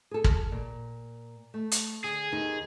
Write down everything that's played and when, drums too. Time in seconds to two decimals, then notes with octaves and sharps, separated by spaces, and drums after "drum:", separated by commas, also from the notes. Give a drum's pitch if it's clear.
0.11 G#4 A4
0.24 drum: kick
0.52 A#2
1.54 A3
1.72 drum: hi-hat
2.04 D3 G#4
2.32 D#2 D#4